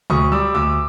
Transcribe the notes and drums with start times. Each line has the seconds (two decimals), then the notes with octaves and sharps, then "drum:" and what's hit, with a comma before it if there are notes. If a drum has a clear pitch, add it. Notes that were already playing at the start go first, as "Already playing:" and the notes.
0.10 D2 C#6 D#6, drum: tom
0.32 G3 D6 E6
0.55 D2 D6 E6